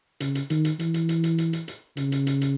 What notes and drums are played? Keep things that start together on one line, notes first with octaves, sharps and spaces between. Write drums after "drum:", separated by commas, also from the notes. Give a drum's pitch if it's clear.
C#3, drum: hi-hat
drum: hi-hat
D#3, drum: hi-hat
drum: hi-hat
E3, drum: hi-hat
drum: hi-hat
drum: hi-hat
drum: hi-hat
drum: hi-hat
drum: hi-hat
drum: hi-hat
C#3, drum: hi-hat
drum: hi-hat
drum: hi-hat
drum: hi-hat